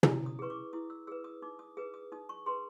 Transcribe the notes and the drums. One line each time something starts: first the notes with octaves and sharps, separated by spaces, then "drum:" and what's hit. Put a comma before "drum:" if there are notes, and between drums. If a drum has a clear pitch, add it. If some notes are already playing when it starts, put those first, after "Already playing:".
E4 D#6, drum: tom
D#6
G#4 B4 C#6
D6
E4 D#6
E6
G#4 B4 E6
D#6
D#4 D6
D#6
G#4 B4 D#6
D#6
D#4 D#6
C#6
G#4 B4 C6